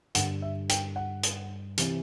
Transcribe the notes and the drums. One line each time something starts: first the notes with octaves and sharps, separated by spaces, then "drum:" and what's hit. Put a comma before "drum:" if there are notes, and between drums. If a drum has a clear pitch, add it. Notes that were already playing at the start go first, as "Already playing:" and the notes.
G2 D3 F#5, drum: hi-hat
E5
G5, drum: hi-hat
F#5
drum: hi-hat
C3 E3, drum: hi-hat